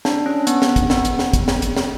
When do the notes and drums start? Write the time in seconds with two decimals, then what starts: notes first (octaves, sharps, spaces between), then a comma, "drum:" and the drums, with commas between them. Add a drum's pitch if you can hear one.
0.05 D4, drum: snare
0.26 C#4
0.47 B3, drum: hi-hat
0.62 drum: snare
0.76 drum: kick, hi-hat
0.90 B3, drum: snare
1.05 drum: hi-hat
1.19 drum: snare
1.33 drum: kick, hi-hat
1.48 drum: snare
1.62 drum: hi-hat
1.77 drum: snare